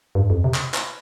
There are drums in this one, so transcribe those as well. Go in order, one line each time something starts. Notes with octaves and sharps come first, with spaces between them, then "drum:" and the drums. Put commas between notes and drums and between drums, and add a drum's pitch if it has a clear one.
G2
F2
C3
drum: clap
drum: clap